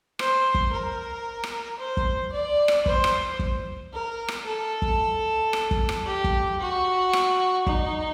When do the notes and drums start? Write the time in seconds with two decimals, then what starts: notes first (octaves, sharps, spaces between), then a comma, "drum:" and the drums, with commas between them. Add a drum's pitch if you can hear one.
0.19 C5, drum: rim click
0.54 drum: kick
0.72 A#4
1.44 drum: rim click
1.79 C5
1.97 drum: kick
2.32 D5
2.68 drum: rim click
2.86 C5, drum: kick
3.04 drum: rim click
3.39 drum: kick
3.93 A#4
4.28 drum: rim click
4.46 A4
4.82 drum: kick
5.53 drum: rim click
5.71 drum: kick
5.89 drum: rim click
6.06 G4
6.24 drum: kick
6.60 F#4
7.13 drum: rim click
7.67 D#4, drum: kick